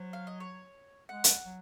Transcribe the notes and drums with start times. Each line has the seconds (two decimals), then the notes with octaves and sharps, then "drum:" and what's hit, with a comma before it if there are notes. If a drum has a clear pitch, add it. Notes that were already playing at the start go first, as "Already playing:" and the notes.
Already playing: F#3 C5
0.13 F5
0.27 D#5
0.40 C#5
1.09 G#3 F#5
1.24 drum: hi-hat
1.45 F#3